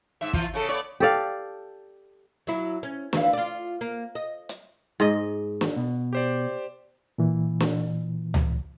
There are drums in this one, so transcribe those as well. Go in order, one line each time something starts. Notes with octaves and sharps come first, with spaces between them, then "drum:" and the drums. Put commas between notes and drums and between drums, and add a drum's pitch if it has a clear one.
G#2 E5
E3 F4, drum: kick
C#3 C#4 A4
B3 C#5 D5
G4 A4 D5 F5
F#3 E4
C#4
D2 E3 F5, drum: snare
F4 D5
A#3
D#5
drum: hi-hat
G#2 D#5
drum: snare
B2
G4 C5 D5
A#2 E3
drum: snare
drum: tom C#2